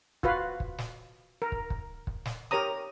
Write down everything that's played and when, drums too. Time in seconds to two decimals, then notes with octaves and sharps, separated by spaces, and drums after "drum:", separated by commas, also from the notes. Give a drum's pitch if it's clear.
0.23 F4 F#4 B4 F5, drum: kick
0.60 drum: kick
0.78 drum: snare
1.42 A#4
1.52 drum: kick
1.70 drum: kick
2.07 drum: kick
2.25 drum: snare
2.51 G4 A#4 C#5 A#5 D#6